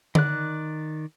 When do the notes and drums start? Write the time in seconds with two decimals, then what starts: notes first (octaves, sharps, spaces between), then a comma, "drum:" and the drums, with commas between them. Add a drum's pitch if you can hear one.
0.15 D#3 D5 F#6, drum: tom D3